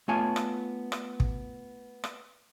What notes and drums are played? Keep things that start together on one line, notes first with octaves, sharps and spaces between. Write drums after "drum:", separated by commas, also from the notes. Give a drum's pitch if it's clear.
A3 B3 F4 C#5 G#5 A5
drum: rim click
drum: rim click
drum: kick
drum: rim click